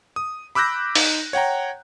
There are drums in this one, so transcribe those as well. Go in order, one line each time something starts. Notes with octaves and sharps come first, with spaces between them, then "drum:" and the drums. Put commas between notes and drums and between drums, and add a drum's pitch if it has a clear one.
D#6
B5 D6 E6 F#6 G6 A#6
D#4, drum: open hi-hat
C#5 F#5 G5 A#5